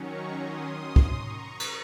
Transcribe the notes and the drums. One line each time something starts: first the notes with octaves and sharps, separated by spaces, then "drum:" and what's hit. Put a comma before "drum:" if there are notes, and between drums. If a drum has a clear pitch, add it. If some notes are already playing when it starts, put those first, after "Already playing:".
Already playing: D#3 F#3 C#4 A#5 C#6
C6 D#6
drum: kick
A#5 C#6
drum: cymbal